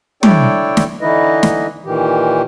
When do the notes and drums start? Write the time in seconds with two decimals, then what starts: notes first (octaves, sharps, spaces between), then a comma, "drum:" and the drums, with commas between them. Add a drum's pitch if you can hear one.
0.23 D4 E4 A4 C#5 D5 G5, drum: tom
0.77 drum: snare
1.01 D3 E3 D#4 E4 B4 D#5
1.43 drum: snare
1.85 A#2 D#3 E3 G4